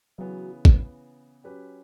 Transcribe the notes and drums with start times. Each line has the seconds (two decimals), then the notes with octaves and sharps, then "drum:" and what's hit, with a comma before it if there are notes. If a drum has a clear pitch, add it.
0.18 C#3 E3 F#3 B3
0.65 drum: kick
1.44 F#3 C#4 G4 B4